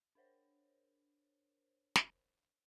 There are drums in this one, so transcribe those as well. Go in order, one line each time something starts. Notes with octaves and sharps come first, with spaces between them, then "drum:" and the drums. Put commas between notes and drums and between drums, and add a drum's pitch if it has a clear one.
D4 A#4 C5 C#5
drum: snare